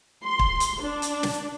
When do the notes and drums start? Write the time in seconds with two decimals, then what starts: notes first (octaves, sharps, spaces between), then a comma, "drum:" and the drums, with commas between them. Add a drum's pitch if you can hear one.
0.23 C6
0.39 drum: kick
0.60 drum: hi-hat
0.81 D4
1.02 drum: hi-hat
1.23 drum: snare